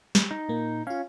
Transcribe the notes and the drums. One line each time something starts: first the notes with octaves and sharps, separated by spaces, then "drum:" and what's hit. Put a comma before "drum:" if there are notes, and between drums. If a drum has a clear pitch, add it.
drum: snare
D#4
A#2 A#3
C#4 F4 F5